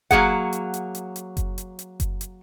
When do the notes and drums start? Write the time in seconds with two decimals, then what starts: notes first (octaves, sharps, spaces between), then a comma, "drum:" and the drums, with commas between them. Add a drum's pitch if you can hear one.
0.11 F#3 A#3 G#4 F#5, drum: kick F#1, hi-hat
0.53 drum: hi-hat
0.74 drum: hi-hat
0.95 drum: hi-hat
1.16 drum: hi-hat
1.37 drum: kick F#1, hi-hat
1.58 drum: hi-hat
1.79 drum: hi-hat
2.00 drum: kick F#1, hi-hat
2.21 drum: hi-hat